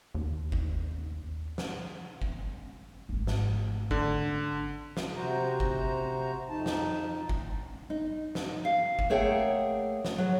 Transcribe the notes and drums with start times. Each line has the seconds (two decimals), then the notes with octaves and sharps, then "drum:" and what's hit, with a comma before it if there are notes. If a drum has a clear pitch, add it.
0.15 D#2
0.52 drum: kick G1
1.58 drum: snare
2.22 drum: kick G1
3.09 G#1 A3
3.27 drum: snare
3.91 D3, drum: kick G1
4.97 drum: snare
5.17 C3 F#4 C5 A#5
5.60 drum: kick G1
6.49 F2 D#4 A5
6.66 drum: snare
7.29 drum: kick G1
7.90 D#4
8.35 drum: snare
8.65 F5
8.99 drum: kick G1
9.10 A3 A#3 G#4 C#5 F#5 G5
10.05 drum: snare
10.18 F#3